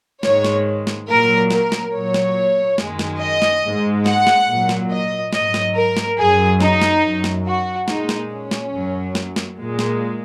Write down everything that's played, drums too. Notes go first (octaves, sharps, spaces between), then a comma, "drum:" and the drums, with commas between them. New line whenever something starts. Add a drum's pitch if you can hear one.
G#2 D#3 G#3 C#5, drum: snare
drum: snare
drum: snare
A#2 F#3 A#4
A#4, drum: snare
drum: snare
A#2 F#3 C#5
drum: snare
F#2 D#3 G#3, drum: snare
drum: snare
D#5
drum: snare
G#2 G#3
F#5, drum: snare
drum: snare
A#2 F#3
drum: snare
D#5
G#2 F#3 D#5, drum: snare
drum: snare
A#4
drum: snare
F#2 F#3 G#4
D#4, drum: snare
drum: snare
F#2 F#3
drum: snare
F#4
A#2 G#3 D#4, drum: snare
drum: snare
C#4
drum: snare
F#2 F#3
drum: snare
drum: snare
A#2 G#3
drum: snare